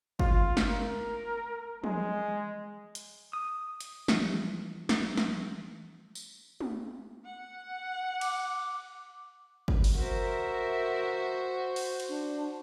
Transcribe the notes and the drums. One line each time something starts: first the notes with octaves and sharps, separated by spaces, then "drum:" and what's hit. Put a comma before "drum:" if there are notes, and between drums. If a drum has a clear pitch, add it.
F4, drum: kick
drum: snare
A#4
G#3, drum: tom
drum: hi-hat
D#6
drum: hi-hat
E3 F3 G3, drum: snare
drum: snare
drum: snare
drum: tambourine
drum: tom
F#5
D6, drum: cymbal
drum: kick
drum: open hi-hat
F#4 A#4 C5 E5
drum: open hi-hat
drum: cymbal
D4